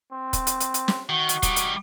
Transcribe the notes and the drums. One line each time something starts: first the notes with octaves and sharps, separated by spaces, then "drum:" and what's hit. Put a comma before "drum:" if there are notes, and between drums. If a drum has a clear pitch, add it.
C4
drum: kick, hi-hat
drum: hi-hat
drum: hi-hat
drum: hi-hat
drum: snare
D#3 F#4
drum: hi-hat
G3 D#4, drum: kick, hi-hat
drum: hi-hat